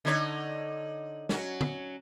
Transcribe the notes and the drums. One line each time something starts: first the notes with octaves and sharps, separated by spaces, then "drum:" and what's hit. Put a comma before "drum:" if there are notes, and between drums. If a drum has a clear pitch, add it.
D3 D#4 C#5
F#3 C#4, drum: snare
drum: tom D3